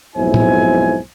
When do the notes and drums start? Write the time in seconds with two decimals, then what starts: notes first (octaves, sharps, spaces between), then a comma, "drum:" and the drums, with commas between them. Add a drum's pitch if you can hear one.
0.16 B1 F2 G#2 E4 C5 G#5
0.34 drum: tom A2